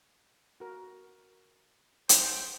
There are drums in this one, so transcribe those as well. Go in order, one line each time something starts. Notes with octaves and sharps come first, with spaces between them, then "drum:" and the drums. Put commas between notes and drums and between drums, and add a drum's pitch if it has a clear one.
F#4 A#4
C5 G5, drum: hi-hat